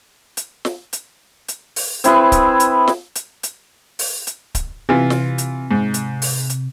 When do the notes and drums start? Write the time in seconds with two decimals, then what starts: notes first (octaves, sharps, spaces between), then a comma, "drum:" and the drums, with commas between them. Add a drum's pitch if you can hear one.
0.37 drum: hi-hat
0.65 drum: snare
0.93 drum: hi-hat
1.48 drum: hi-hat
1.76 drum: open hi-hat
2.04 C4 E4 G#4 B4, drum: hi-hat
2.32 drum: kick C#1, hi-hat
2.60 drum: hi-hat
2.88 drum: snare
3.15 drum: hi-hat
3.43 drum: hi-hat
3.99 drum: open hi-hat
4.27 drum: hi-hat
4.55 drum: kick C#1, hi-hat
4.89 C3 E3 F4
5.10 drum: snare
5.38 drum: hi-hat
5.71 G#2
5.94 drum: hi-hat
6.22 drum: open hi-hat
6.50 drum: hi-hat